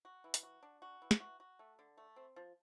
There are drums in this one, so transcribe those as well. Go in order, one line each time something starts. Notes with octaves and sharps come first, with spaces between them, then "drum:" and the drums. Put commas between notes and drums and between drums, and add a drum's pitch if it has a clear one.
F#4
E3
drum: hi-hat
F#4
D4
F#4
E3
drum: snare
F#4
F#4
A3
D3
A3
C4
F3